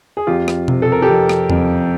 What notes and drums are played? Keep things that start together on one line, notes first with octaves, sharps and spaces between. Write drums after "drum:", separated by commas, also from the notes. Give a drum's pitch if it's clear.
G#4
F2 F4 G4
drum: rim click
C3, drum: tom B2
A4
A#4
G4 A4
F2
drum: rim click
F2, drum: tom E2